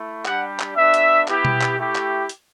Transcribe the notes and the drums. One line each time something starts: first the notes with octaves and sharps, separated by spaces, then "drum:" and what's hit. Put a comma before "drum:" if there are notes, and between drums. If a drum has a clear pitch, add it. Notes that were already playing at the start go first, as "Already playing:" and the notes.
Already playing: A3 E4
G3 D4 G4 F#5, drum: clap
drum: clap
B3 D4 F#4 E5
drum: hi-hat
B3 E4 G4, drum: clap
drum: tom B2
drum: clap
A3 E4 G4
drum: clap
drum: hi-hat